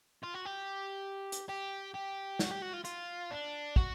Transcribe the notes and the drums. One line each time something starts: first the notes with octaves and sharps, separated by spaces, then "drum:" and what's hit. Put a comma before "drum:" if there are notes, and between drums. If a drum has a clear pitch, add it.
F4
F#4
G4
drum: hi-hat
G4
G4
F#4, drum: snare
G4
F#4
F4
F4, drum: hi-hat
D4
F#4, drum: kick